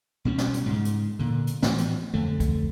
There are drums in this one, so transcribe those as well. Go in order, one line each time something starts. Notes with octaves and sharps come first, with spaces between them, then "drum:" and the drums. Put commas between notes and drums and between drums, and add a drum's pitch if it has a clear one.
B2 G3 C#4
drum: snare
drum: hi-hat
G#2 C#3
drum: hi-hat
A#2 D3
drum: hi-hat
A2 E3 F3, drum: snare
drum: hi-hat
F2 D3 A3
drum: kick, hi-hat